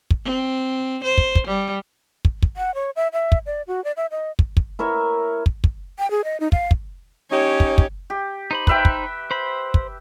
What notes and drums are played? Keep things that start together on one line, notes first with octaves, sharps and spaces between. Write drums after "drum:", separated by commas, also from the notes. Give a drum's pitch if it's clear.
drum: kick
C4
C5
drum: kick
drum: kick
G3
drum: kick
drum: kick
F#5
C#5
E5
E5
drum: kick
D5
F#4
D5
E5
D#5
drum: kick
drum: kick
E4 A#4 C#5 E5
drum: kick
drum: kick
G5
G#4
D#5
D#4
F5, drum: kick
drum: kick
C#4 D#4 G4 C#5
drum: kick
drum: kick
G4
D#4 C5 B5
B4 E5 G5, drum: kick
drum: kick
C5 B5
drum: kick